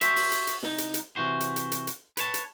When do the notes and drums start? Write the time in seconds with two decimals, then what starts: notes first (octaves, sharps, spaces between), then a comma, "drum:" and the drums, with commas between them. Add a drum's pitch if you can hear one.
0.01 F#4 C5 E5, drum: hi-hat
0.16 drum: open hi-hat
0.32 drum: hi-hat
0.47 drum: hi-hat
0.63 C2 D#4, drum: snare
0.78 drum: hi-hat
0.94 drum: hi-hat
1.16 C3 E3 F#4 C5
1.40 drum: hi-hat
1.56 drum: hi-hat
1.72 drum: hi-hat
1.87 drum: hi-hat
2.17 B4 C#5 A5, drum: hi-hat
2.34 drum: hi-hat